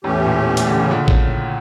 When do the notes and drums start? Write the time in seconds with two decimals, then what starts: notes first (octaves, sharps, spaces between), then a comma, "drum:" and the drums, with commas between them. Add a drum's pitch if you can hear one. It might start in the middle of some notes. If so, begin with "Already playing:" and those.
0.04 E2 A2 E3 A3 C#4 G4
0.25 A#2
0.57 drum: hi-hat
0.67 D3
0.79 C#3
0.91 A#2 D3
1.08 drum: kick A1